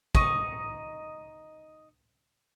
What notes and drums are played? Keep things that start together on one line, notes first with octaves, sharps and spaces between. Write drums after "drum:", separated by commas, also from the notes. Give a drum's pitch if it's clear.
D#4 D#5 C#6, drum: kick